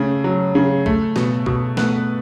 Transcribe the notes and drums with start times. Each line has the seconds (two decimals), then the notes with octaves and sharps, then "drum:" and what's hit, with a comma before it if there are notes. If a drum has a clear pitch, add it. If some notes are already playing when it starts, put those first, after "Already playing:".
Already playing: C#3 A3
0.24 F#3
0.55 C#3
0.86 A3, drum: kick
1.16 B2, drum: snare
1.46 B2, drum: kick
1.77 A3 B3 B4, drum: snare